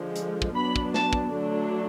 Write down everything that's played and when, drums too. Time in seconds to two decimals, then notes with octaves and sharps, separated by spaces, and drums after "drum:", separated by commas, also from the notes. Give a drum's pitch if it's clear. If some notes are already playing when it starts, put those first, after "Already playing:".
Already playing: D3 F3 G#3
0.16 drum: hi-hat
0.42 drum: kick
0.55 F#3 B3 D4 B5
0.76 drum: kick
0.94 A5, drum: snare
1.13 drum: kick
1.34 D3 F#3 A3 D4